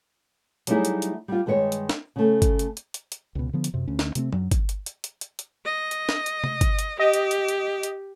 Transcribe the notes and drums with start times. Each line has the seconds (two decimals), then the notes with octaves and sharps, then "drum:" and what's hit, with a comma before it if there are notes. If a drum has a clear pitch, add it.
0.67 F#3 G3 A3 D#4 E4 G#4, drum: hi-hat
0.85 drum: hi-hat
1.02 drum: hi-hat
1.28 G3 F4
1.46 G2 D#3 G#3 B4 C#5
1.72 drum: hi-hat
1.89 drum: snare
2.16 C#3 A3
2.42 drum: kick G1, hi-hat
2.59 drum: hi-hat
2.77 drum: hi-hat
2.94 drum: hi-hat
3.12 drum: hi-hat
3.35 C#2 B2
3.53 D3 F3 B3
3.64 drum: hi-hat
3.74 F#2 C3
3.87 D2 C#4
3.99 drum: snare
4.15 C3 A3 B3 C4, drum: hi-hat
4.32 F#2 F#3, drum: tom F#3
4.51 drum: kick G1, hi-hat
4.69 drum: hi-hat
4.86 drum: hi-hat
5.04 drum: hi-hat
5.21 drum: hi-hat
5.39 drum: hi-hat
5.65 D#5
5.91 drum: hi-hat
6.09 drum: snare
6.26 drum: hi-hat
6.44 drum: tom C3
6.61 drum: kick G1, hi-hat
6.79 drum: hi-hat
7.00 G4 D#5
7.14 drum: hi-hat
7.31 drum: hi-hat
7.48 drum: hi-hat
7.83 drum: hi-hat